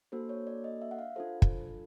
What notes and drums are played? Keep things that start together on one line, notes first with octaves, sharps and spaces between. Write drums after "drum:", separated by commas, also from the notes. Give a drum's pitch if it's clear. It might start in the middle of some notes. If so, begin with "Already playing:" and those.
A#3 D4 F#4 A4 C5
C#5
D5
D#5
E5
F#5
F5
D4 F4 A4 C5
drum: kick